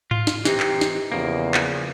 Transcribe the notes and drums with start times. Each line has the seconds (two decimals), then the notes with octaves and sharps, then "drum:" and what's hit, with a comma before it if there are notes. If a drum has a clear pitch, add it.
0.11 F4, drum: tom G#2
0.27 drum: snare
0.45 E3 C4 D#4 G4, drum: snare
0.60 drum: clap
0.81 drum: snare
1.12 E2 C#3 F3 A#3
1.54 drum: clap